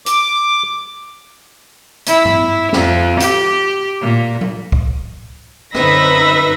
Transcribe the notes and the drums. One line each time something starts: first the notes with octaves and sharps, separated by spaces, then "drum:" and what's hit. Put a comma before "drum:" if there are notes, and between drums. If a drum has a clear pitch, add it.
D6, drum: hi-hat
E4, drum: hi-hat
drum: tom G2
F2, drum: snare
G4, drum: hi-hat
A#2
drum: tom F#3
drum: kick
F#2 D3 C4 D#4 B4 E5 B5 A#6, drum: rim click